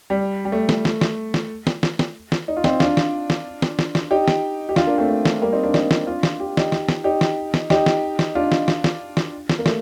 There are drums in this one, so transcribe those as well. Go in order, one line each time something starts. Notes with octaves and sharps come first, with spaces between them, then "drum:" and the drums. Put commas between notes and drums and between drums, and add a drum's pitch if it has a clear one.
G3
G3
A3
drum: snare
drum: snare
drum: snare
drum: snare
drum: snare
drum: snare
drum: snare
drum: snare
D#4
F4
C4 D#4, drum: snare
D4 F4, drum: snare
drum: snare
drum: snare
drum: snare
drum: snare
drum: snare
D#4 G4
drum: snare
G4
D4 F4, drum: snare
A#3 D4
A3 C4
A3
drum: snare
G3 A#3
C4 D#4
A#3 D4
C4 D#4, drum: snare
drum: snare
D4 F4
drum: snare
G4
D#4 G4, drum: snare
drum: snare
drum: snare
D#4 G4
drum: snare
drum: snare
D#4 G4, drum: snare
drum: snare
drum: snare
D4 F4
drum: snare
drum: snare
drum: snare
drum: snare
drum: snare
A#3
A3, drum: snare